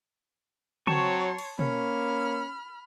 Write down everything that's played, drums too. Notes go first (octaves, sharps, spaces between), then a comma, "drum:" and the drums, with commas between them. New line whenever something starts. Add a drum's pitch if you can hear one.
F#3 C4 C#5 A5 C6 C#6, drum: tom C#3
drum: cymbal
A#3 C#4 B5 F6, drum: tom B2